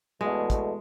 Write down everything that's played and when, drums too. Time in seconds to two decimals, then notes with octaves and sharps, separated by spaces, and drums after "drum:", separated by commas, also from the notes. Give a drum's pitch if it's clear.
0.21 E2 B2 G#3 A3
0.50 drum: kick, hi-hat